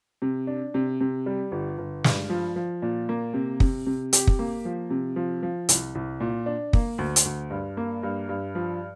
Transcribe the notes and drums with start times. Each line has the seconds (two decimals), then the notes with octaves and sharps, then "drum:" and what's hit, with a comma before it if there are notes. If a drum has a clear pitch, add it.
0.22 C3
0.47 D4
0.74 C3
1.01 C3
1.26 G3
1.52 G1
1.78 G1
2.04 G2, drum: snare
2.30 F3
2.56 F3
2.82 A#2
3.09 A#3
3.34 C3
3.60 C3, drum: kick
3.86 C3
4.13 G4, drum: hi-hat
4.27 drum: kick
4.39 A#3
4.65 F3
4.90 C3
5.16 F3
5.43 F3
5.69 C2, drum: hi-hat
5.95 C2
6.20 A#2
6.46 D4
6.73 A#3, drum: kick
6.98 D2
7.16 drum: hi-hat
7.25 D2
7.50 G2
7.77 A#3
8.03 G2
8.29 G2
8.55 F3